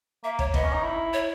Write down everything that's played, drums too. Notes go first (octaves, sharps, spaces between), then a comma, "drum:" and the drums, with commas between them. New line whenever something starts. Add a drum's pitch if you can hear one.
A#3 E5
C#5, drum: kick
B3 D#5, drum: kick
C#4
D#4
E4
C#5